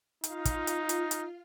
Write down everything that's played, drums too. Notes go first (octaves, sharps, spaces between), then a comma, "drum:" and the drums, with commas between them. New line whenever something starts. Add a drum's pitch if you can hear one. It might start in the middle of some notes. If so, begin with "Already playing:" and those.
D#4 F4 F5, drum: hi-hat
drum: kick, hi-hat
drum: hi-hat
drum: hi-hat
drum: hi-hat